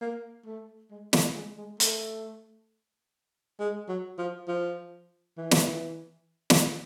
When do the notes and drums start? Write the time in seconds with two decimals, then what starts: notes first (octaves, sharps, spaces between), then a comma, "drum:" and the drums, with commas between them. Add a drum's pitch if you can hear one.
0.01 A#3
0.46 A3
0.91 G#3
1.13 A3, drum: snare
1.35 G#3
1.58 G#3
1.80 A3, drum: hi-hat
3.59 G#3
3.88 F#3
4.18 F3
4.48 F3
5.38 E3
5.51 drum: snare
6.50 drum: snare